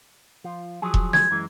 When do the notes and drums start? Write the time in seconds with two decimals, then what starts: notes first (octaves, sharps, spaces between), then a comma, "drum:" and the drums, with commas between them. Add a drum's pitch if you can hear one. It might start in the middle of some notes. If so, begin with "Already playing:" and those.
0.44 F3 F4
0.82 F3 F#3 G#4
0.94 drum: kick E1
1.13 G#6, drum: snare
1.31 F#2 E3 G#3